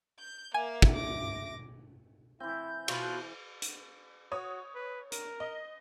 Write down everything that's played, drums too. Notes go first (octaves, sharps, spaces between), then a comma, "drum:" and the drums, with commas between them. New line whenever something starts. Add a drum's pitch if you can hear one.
G6
A#3 E5 G#5
drum: kick
D6 A#6
E3 C4 E4 G6
B2 F4 B4, drum: cymbal
drum: hi-hat
F#4 C#5 D#6
B4
A#4, drum: hi-hat
D#5